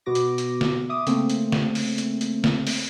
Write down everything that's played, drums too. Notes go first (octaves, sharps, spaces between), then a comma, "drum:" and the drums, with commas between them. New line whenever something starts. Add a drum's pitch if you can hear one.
B2 B3 F#4 D6 A#6
drum: hi-hat
drum: hi-hat
drum: snare
E5 D6 D#6
C#3 A3 A#3 C4, drum: hi-hat
drum: hi-hat
drum: snare
drum: open hi-hat
drum: hi-hat
drum: hi-hat
drum: snare
drum: open hi-hat